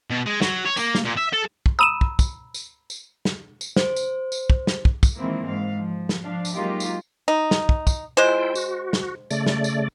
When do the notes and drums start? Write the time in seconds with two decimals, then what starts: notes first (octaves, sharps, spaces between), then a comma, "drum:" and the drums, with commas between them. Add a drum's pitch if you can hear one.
0.11 B2
0.26 G#3
0.41 F#3, drum: snare
0.65 C#5
0.77 A#3, drum: tambourine
0.95 drum: snare
1.05 A#2
1.17 E5
1.33 A4
1.66 drum: kick
1.79 A#5 B5 D#6 E6 D#7 E7
2.01 drum: kick
2.19 drum: kick, tambourine
2.54 drum: tambourine
2.90 drum: tambourine
3.25 drum: snare
3.61 drum: tambourine
3.76 C5, drum: snare
3.96 drum: tambourine
4.32 drum: tambourine
4.50 drum: kick
4.67 drum: snare
4.85 drum: kick
5.03 drum: kick, tambourine
5.17 D#3 E3 G#3 A#3 C4 E4
5.47 G#2 F5
5.78 F3
6.09 drum: snare
6.23 F3 D4 F5
6.45 drum: tambourine
6.54 F#3 G#3 A#3 D#4 F4 G4
6.80 drum: tambourine
7.28 D#4
7.51 drum: snare
7.69 drum: kick
7.87 drum: kick, tambourine
8.17 G#3 E4 F4 C5 G5
8.55 F#4, drum: tambourine
8.93 drum: snare
9.31 C#3 A3 D5, drum: tambourine
9.46 drum: snare
9.64 drum: tambourine